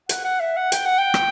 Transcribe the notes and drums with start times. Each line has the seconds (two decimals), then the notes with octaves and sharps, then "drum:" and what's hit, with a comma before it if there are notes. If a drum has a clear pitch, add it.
0.09 F#5, drum: hi-hat
0.24 F#5
0.40 E5
0.56 F#5
0.72 G5, drum: hi-hat
0.86 F#5
0.98 G5
1.14 drum: rim click